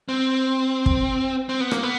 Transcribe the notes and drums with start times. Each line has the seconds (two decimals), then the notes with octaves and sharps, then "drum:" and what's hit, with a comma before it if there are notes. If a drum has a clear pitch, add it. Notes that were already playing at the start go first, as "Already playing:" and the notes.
0.09 C4
0.86 drum: kick
1.49 C4
1.60 B3
1.71 A#3, drum: rim click
1.83 B3